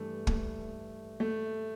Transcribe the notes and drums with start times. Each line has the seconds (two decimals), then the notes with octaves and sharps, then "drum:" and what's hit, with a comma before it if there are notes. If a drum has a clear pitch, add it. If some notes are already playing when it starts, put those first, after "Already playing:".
Already playing: G2 E3 A3
0.27 A3, drum: kick
1.20 A3